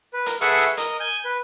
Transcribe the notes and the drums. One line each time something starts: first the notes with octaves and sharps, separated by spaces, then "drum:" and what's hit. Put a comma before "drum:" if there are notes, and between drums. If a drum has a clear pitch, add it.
B4
A#4, drum: hi-hat
G#4 A4 B4 E5 F#5 C#6, drum: hi-hat
drum: hi-hat
A#4 D#5, drum: hi-hat
G#5 G6
B4